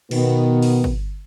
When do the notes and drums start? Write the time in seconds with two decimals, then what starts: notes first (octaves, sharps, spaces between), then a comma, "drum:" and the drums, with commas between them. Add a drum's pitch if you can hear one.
0.11 B2 D#3 B3, drum: cymbal
0.62 drum: open hi-hat
0.84 drum: kick